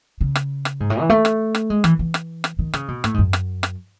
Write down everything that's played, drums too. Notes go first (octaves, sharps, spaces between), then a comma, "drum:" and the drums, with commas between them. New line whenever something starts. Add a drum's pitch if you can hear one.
C#3
drum: rim click
drum: rim click
G#2
A2
E3
A3
drum: rim click
drum: rim click
G#3
E3, drum: rim click
E3
drum: rim click
drum: rim click
D#3
C#3, drum: rim click
B2
A2, drum: rim click
G#2
F#2
drum: rim click
drum: rim click